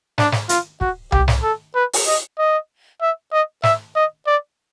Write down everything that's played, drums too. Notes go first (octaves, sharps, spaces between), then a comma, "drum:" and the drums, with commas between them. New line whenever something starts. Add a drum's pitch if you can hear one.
D4, drum: snare
drum: snare
F4, drum: hi-hat
F#4, drum: kick
G4, drum: tom C2
drum: snare
A4
B4
drum: open hi-hat
D#5
D#5
E5
D#5
E5, drum: snare
D#5
D5